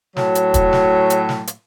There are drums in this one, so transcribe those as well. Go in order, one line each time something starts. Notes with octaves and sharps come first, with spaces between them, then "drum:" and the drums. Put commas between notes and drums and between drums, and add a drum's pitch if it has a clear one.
A2 F#3, drum: snare
drum: hi-hat
drum: kick, hi-hat
drum: snare
drum: hi-hat
drum: snare
drum: hi-hat